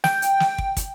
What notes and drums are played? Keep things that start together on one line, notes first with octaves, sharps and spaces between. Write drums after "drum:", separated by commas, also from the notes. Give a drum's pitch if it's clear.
G5, drum: snare
drum: hi-hat
drum: snare
drum: kick
drum: kick, hi-hat